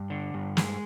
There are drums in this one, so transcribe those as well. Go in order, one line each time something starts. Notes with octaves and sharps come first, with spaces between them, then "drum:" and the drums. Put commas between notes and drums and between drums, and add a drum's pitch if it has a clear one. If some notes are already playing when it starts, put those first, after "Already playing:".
Already playing: G2
D3
G2
G#3, drum: snare